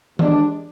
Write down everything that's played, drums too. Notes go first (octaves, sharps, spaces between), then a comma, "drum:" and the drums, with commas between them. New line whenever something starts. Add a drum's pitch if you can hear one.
D#2 D#3 G#3 D4, drum: tom D#3